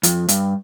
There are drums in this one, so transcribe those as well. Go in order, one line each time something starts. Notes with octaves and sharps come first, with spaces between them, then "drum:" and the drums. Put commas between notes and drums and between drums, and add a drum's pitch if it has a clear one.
F2, drum: hi-hat
G2, drum: hi-hat